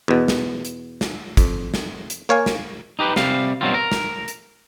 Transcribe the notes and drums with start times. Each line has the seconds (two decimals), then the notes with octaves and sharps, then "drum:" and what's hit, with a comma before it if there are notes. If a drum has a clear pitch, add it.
0.08 E2 B2
0.28 drum: snare
0.65 drum: hi-hat
1.01 drum: snare
1.37 F2, drum: kick, hi-hat
1.74 drum: snare
2.10 drum: hi-hat
2.29 A#3 C#5 F5 G#5
2.46 drum: snare
2.99 D#4 G4 A#4 B4
3.16 C3 G3 F5, drum: snare
3.61 G2 B2 F#3 C4 F4
3.74 A#4
3.92 drum: snare
4.28 drum: hi-hat